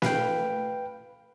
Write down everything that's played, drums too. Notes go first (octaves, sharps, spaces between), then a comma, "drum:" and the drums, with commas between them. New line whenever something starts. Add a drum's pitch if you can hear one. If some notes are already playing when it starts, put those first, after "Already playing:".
B4 F5 G5, drum: snare